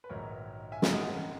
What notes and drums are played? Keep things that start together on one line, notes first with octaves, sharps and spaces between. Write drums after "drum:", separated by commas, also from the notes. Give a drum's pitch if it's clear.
B4
A#1 G#2 D#3 F#3 A#4 C#5
E5 G#5
drum: snare
F#2 D#3 G#3 B3 D#5 F#5